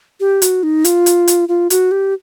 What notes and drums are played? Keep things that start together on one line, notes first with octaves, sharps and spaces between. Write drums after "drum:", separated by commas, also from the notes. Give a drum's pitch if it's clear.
G4
F#4, drum: hi-hat
D#4
F4, drum: hi-hat
drum: hi-hat
drum: hi-hat
F4
F#4, drum: hi-hat
G4